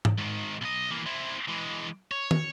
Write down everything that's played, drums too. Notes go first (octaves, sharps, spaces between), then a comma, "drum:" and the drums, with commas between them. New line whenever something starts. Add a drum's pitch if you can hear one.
drum: tom G#2
G#2 D#3
B1 D#5
E3 A#3
C4 E4
E3 G#3
C#5
drum: tom